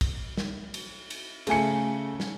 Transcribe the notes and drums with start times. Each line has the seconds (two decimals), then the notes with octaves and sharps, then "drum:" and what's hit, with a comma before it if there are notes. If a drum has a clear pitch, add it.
0.01 drum: kick, cymbal
0.37 drum: snare
0.74 drum: cymbal
1.10 drum: cymbal
1.47 C#3 A3 G#5 C#7, drum: cymbal
2.20 drum: snare